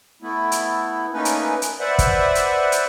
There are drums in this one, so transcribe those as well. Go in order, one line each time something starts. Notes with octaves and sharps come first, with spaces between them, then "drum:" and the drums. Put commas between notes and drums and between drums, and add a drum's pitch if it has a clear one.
A3 B3 E4
drum: hi-hat
A3 A#3 C#4 D#4 B4
drum: hi-hat
drum: hi-hat
B4 C5 D5 E5 F#5
drum: kick, hi-hat
drum: hi-hat
drum: hi-hat